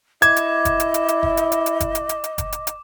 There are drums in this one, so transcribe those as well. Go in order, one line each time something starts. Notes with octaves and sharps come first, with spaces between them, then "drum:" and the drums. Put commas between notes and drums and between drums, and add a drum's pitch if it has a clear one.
E4 D#5 D6 G#6, drum: hi-hat
drum: hi-hat
drum: kick F#1, hi-hat
drum: hi-hat
drum: hi-hat
drum: hi-hat
drum: kick F#1
drum: hi-hat
drum: hi-hat
drum: hi-hat
drum: kick F#1, hi-hat
drum: hi-hat
drum: hi-hat
drum: hi-hat
drum: kick F#1, hi-hat
drum: hi-hat
drum: hi-hat